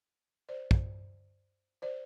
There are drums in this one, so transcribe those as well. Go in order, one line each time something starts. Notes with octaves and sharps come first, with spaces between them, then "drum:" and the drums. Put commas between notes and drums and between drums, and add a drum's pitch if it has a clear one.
C5 D5
drum: kick
C5 D5